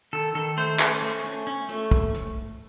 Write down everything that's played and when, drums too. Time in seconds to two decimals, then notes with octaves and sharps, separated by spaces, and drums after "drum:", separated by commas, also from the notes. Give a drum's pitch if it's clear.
0.13 D#3 A4
0.35 D#3 A4
0.57 A3 C5
0.79 C#4, drum: clap
1.02 A3
1.24 C#4, drum: hi-hat
1.47 C#4
1.69 A3, drum: hi-hat
1.91 drum: kick
2.14 drum: hi-hat